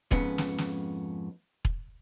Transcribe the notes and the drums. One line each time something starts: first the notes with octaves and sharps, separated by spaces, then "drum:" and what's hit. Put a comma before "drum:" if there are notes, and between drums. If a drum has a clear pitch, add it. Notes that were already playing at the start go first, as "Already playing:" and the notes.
F2 G#2 B3 C#4, drum: kick E1
drum: snare
drum: snare
drum: kick E1